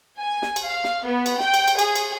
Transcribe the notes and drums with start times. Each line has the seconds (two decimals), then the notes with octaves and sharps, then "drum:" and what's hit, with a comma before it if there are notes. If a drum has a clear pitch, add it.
0.19 G#5
0.42 drum: snare
0.56 drum: cymbal
0.67 F5
0.84 drum: snare
1.06 B3
1.26 drum: cymbal
1.40 G5, drum: snare
1.54 drum: cymbal
1.68 drum: cymbal
1.79 G#4, drum: cymbal
1.96 drum: cymbal